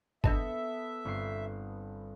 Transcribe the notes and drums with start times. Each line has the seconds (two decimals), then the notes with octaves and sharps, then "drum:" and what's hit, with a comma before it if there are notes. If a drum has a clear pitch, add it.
0.24 B3 D4 A4 D#5 E5 A5, drum: kick
1.05 G1 C4 C7